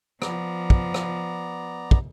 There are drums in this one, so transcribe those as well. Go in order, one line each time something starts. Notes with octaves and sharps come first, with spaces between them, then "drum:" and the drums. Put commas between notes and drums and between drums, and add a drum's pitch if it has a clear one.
F3 B3 D5 A#5, drum: rim click
drum: kick
drum: rim click
drum: kick